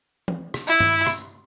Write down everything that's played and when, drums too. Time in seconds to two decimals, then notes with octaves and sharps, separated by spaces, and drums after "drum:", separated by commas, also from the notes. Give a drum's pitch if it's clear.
0.28 drum: tom E3
0.54 drum: rim click
0.68 E4
0.80 drum: tom G2
1.07 drum: rim click